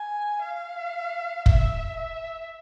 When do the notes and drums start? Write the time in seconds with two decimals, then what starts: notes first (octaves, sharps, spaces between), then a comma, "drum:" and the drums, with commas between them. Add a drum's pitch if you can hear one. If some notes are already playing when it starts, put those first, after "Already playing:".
Already playing: G#5
0.42 F5
1.46 E5, drum: kick
1.96 E5